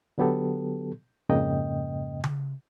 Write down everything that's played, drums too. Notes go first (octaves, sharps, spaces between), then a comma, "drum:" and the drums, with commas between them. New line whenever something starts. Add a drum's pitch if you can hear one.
D3 F#3 B3 G4 A4
F2 G#2 C#3 A#3 D#5 G5
drum: tom C#3